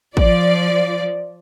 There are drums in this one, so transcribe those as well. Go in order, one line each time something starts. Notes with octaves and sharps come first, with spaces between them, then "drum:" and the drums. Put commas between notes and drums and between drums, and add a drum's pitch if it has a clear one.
F3 D5, drum: kick